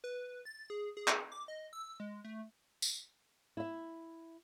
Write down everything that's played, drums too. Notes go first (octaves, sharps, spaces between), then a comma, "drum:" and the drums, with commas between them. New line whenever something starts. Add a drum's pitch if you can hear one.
B4
A6
G#4
G#4
drum: clap
D6
D#5
E6
G#3
A3
drum: tambourine
E4 E5